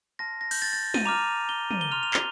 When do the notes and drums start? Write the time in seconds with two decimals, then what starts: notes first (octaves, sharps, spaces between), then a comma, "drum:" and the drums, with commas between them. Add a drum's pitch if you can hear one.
0.19 A5 C6 F6 A#6
0.41 A#6
0.51 G6, drum: cymbal
0.62 A6
0.73 A6
0.94 D#7, drum: snare
1.05 A#5 D6 F6 F7
1.49 G7
1.71 D#7, drum: tom
1.81 G7
1.91 C6 F6 F7
2.03 F7
2.14 G7, drum: clap